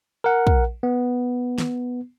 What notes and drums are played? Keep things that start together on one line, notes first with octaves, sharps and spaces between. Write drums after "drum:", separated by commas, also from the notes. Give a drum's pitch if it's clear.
A#4 F#5
drum: kick
B3
drum: snare